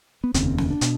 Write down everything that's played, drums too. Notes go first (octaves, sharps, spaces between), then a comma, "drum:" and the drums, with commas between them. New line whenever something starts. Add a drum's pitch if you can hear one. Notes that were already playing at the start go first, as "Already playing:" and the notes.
B3
F1 D#2 C#3 C4, drum: hi-hat
C4
C#4, drum: snare
D4
B2, drum: hi-hat